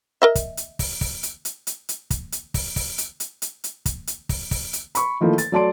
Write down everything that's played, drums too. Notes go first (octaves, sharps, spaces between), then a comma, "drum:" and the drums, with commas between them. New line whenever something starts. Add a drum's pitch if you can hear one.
A#4 D#5 E5
drum: kick, hi-hat
drum: hi-hat
drum: kick, open hi-hat
drum: kick, open hi-hat
drum: hi-hat
drum: hi-hat
drum: hi-hat
drum: hi-hat
drum: kick, hi-hat
drum: hi-hat
drum: kick, open hi-hat
drum: kick, open hi-hat
drum: hi-hat
drum: hi-hat
drum: hi-hat
drum: hi-hat
drum: kick, hi-hat
drum: hi-hat
drum: kick, open hi-hat
drum: kick, open hi-hat
drum: hi-hat
B5 C#6, drum: hi-hat
D#3 F3 A3 A#3 E4
A6, drum: hi-hat
F#3 A3 D5 A5 C6 D7